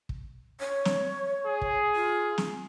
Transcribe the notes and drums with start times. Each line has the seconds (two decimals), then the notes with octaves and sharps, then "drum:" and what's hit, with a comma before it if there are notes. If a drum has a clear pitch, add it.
0.09 drum: kick
0.60 C#5
0.85 drum: snare
1.46 G#4
1.61 drum: kick
1.95 F4
2.38 drum: snare